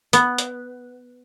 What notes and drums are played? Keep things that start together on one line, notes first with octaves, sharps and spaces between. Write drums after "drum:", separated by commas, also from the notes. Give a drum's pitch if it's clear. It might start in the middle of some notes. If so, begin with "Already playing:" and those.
B3, drum: hi-hat
drum: hi-hat